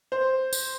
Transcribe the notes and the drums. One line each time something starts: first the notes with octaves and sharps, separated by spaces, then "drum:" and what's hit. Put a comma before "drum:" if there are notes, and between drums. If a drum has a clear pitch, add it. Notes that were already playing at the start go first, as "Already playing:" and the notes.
C5
drum: tambourine